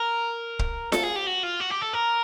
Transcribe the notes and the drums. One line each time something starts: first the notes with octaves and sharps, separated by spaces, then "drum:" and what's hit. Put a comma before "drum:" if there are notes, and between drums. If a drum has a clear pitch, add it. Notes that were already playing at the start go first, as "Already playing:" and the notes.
Already playing: A#4
drum: kick
A4, drum: snare F4
G#4
G4
F#4
F4
F#4
G4
A4
A#4